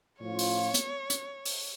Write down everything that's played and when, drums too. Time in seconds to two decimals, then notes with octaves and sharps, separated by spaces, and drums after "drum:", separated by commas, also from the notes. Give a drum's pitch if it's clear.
0.21 A2 F3 C#4 F4 C#5
0.39 drum: open hi-hat
0.74 drum: hi-hat
1.10 drum: hi-hat
1.45 drum: open hi-hat